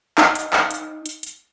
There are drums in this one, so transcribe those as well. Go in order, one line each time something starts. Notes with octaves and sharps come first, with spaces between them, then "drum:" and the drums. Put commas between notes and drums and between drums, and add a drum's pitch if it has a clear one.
D#4, drum: clap
drum: hi-hat
drum: clap
drum: hi-hat
drum: hi-hat
drum: hi-hat